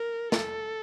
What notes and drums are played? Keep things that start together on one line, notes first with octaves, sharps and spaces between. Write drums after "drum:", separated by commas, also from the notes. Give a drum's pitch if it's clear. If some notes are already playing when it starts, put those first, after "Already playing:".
Already playing: A#4
A4, drum: snare